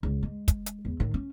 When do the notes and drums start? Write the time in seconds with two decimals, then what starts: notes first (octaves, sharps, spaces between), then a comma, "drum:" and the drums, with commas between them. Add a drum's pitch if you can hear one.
0.03 C#2
0.23 G#3
0.48 drum: kick, hi-hat
0.66 drum: hi-hat
0.85 E2
1.00 A2 D#3
1.14 C#4